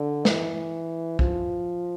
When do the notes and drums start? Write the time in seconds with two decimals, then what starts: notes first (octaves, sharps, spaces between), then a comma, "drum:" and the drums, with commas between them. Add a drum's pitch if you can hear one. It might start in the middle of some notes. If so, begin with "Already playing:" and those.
Already playing: D3
0.25 E3, drum: snare
1.19 F3, drum: kick